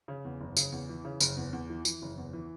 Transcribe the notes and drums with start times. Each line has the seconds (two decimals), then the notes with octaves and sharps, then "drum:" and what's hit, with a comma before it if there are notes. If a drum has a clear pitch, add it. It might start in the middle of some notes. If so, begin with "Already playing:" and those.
0.08 C#3
0.25 E2
0.41 F#1
0.57 C#3, drum: tambourine
0.72 E2
0.89 E3
1.05 C#3
1.20 F#1, drum: tambourine
1.37 E2
1.53 E2
1.70 E3
1.85 E3, drum: tambourine
2.02 F#1
2.18 E2
2.33 E3